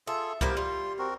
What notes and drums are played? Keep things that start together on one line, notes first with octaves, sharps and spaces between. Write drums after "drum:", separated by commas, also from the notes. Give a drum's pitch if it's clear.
F4 G#4 A4 E5
G3 A#3 B3 A#4 C5, drum: kick C2
G3 F4 C6
C4 F#4 A#4